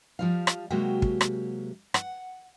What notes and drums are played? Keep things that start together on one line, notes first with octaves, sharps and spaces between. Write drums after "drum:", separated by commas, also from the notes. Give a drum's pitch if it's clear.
F3 G3 F5
drum: rim click
C3 F#3 G#3 A#3 F#4 G4
drum: kick
drum: rim click
F#5, drum: rim click